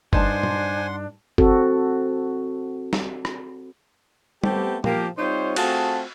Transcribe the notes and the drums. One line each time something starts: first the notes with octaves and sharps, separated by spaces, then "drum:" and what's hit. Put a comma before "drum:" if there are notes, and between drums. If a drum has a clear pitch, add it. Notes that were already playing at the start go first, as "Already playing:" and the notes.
G2 D4 D#4 C5 F#5 G#5 A5 C6, drum: kick F#1
drum: tom
C4 F#4 A4, drum: kick F#1
drum: snare
drum: rim click
A3 B3 C4 G4, drum: tom G3
F3 A#3 G4, drum: tom
G3 C4 D#4 F4 C5 C#5
A3 C4 F4 F#4 G#4 A5, drum: cymbal